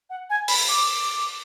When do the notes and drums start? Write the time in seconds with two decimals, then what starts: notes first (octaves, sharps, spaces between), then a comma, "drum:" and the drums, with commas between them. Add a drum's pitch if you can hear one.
0.10 F#5
0.30 G#5
0.48 B5, drum: open hi-hat
0.69 D6